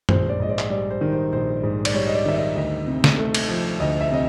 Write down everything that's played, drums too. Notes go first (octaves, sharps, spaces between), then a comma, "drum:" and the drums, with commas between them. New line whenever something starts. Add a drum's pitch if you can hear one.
A#1 C5, drum: tom
D5
G#2 D#5
D5
drum: clap
G3 D5
C5
D#3
C5
A#1 C5
G#2
D5, drum: cymbal
G3 C#5
D#5
D5
D#3 E5
D#5
D2 D#5
C3
drum: snare
A3
drum: cymbal
F3
D2 D#5
E5
C3 D#5